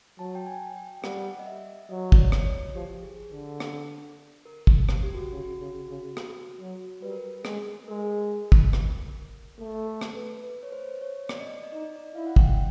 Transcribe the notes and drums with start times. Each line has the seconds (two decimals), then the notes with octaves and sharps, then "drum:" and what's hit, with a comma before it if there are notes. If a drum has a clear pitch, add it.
0.18 F#3 A5
0.35 G5
0.47 G#5
0.76 G5
1.04 G3 F#5, drum: rim click
1.39 D#5
1.46 E5
1.89 F#3 D#5
2.12 C#5, drum: kick
2.18 D5
2.32 drum: rim click
2.47 C#5
2.75 F3 G4
3.03 G#4
3.32 D3 A4
3.60 drum: rim click
4.45 A#4
4.67 drum: kick
4.89 drum: rim click
5.03 G4
5.15 F#4
5.31 C#3
5.39 F#4
5.60 C#3
5.88 C#3
6.17 drum: rim click
6.60 F#3
7.02 G3 B4
7.10 A#4
7.17 B4
7.45 G#3, drum: rim click
7.88 G#3 A#4
8.52 drum: kick
8.73 drum: rim click
9.59 A3 A4
9.87 A4
10.01 drum: rim click
10.15 B4
10.44 B4
10.63 C#5
10.72 C5
11.01 C#5
11.29 D5, drum: rim click
11.40 D#5
11.52 D5
11.63 D#5
11.72 D#4 D5
11.86 D#5
11.96 D5
12.15 E4 F5
12.27 F#5
12.36 G5, drum: kick